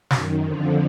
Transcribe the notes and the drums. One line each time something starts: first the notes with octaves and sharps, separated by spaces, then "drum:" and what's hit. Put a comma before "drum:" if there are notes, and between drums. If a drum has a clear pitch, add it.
F#2 D#3, drum: snare
F2 D3 F3